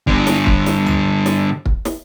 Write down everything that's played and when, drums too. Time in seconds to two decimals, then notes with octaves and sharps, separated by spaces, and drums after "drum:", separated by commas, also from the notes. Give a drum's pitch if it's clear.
0.07 G2 D3, drum: kick
0.27 drum: snare
0.47 drum: kick
0.66 drum: snare
0.86 drum: tom C#2
1.26 drum: snare
1.66 drum: kick
1.85 drum: snare